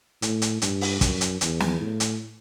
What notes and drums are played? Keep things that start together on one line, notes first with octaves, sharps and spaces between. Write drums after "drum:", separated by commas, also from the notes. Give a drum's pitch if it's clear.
A2, drum: hi-hat
drum: hi-hat
G2, drum: hi-hat
drum: open hi-hat
F#2, drum: kick, hi-hat
drum: hi-hat
E2, drum: hi-hat
drum: snare
A2
drum: hi-hat